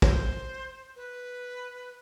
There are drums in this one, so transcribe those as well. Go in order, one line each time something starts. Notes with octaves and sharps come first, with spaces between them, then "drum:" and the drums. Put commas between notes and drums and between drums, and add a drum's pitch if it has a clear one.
C5, drum: kick
B4